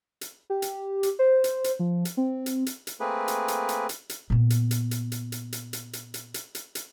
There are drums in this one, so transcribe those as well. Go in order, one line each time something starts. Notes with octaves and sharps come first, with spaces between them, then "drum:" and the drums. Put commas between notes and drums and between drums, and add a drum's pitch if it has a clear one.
drum: hi-hat
G4
drum: hi-hat
drum: hi-hat
C5
drum: hi-hat
drum: hi-hat
F3
drum: hi-hat
C4
drum: hi-hat
drum: hi-hat
drum: hi-hat
A3 A#3 C4 G#4 B4
drum: hi-hat
drum: hi-hat
drum: hi-hat
drum: hi-hat
drum: hi-hat
A#2 B3
drum: hi-hat
drum: hi-hat
drum: hi-hat
drum: hi-hat
drum: hi-hat
drum: hi-hat
drum: hi-hat
drum: hi-hat
drum: hi-hat
drum: hi-hat
drum: hi-hat
drum: hi-hat